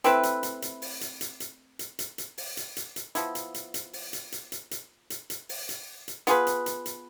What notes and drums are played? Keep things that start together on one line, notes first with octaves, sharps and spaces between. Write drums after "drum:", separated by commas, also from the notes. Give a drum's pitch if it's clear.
A3 C4 E4 B4, drum: hi-hat
drum: hi-hat
drum: hi-hat
drum: hi-hat
drum: open hi-hat
drum: hi-hat
drum: hi-hat
drum: hi-hat
drum: hi-hat
drum: hi-hat
drum: hi-hat
drum: open hi-hat
drum: hi-hat
drum: hi-hat
drum: hi-hat
F3 B3 E4, drum: hi-hat
drum: hi-hat
drum: hi-hat
drum: hi-hat
drum: open hi-hat
drum: hi-hat
drum: hi-hat
drum: hi-hat
drum: hi-hat
drum: hi-hat
drum: hi-hat
drum: open hi-hat
drum: hi-hat
drum: hi-hat
B3 F4 G#4 B4, drum: hi-hat
drum: hi-hat
drum: hi-hat
drum: hi-hat